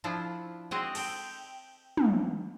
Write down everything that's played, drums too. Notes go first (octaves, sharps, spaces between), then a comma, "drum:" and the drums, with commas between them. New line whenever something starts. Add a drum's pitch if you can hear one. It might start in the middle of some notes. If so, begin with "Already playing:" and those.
F3 D4 E4 F4 A4
G#3 C4 F#4 G#4 D5 D#5
A4 G5, drum: cymbal
drum: tom